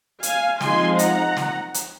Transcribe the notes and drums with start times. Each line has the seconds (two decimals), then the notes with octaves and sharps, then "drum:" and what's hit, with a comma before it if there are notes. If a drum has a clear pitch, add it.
0.23 F5 G#5, drum: hi-hat
0.61 F3 G#3 C4 D#4 G#5 C6, drum: snare
0.99 F#5 A#5, drum: hi-hat
1.37 drum: snare
1.74 drum: hi-hat